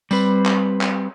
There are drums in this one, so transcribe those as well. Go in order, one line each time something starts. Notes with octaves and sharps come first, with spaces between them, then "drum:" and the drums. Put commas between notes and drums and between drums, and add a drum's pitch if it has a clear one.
G3 C4 B4, drum: tambourine
drum: clap
drum: clap